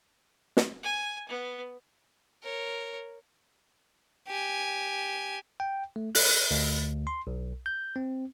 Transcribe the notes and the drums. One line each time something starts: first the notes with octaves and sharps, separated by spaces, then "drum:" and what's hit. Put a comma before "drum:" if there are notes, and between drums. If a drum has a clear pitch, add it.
drum: snare
G#5
B3
A#4 C#5
G4 G#5
G5
A3
F#6, drum: open hi-hat
D2
C6
B1
G6
C4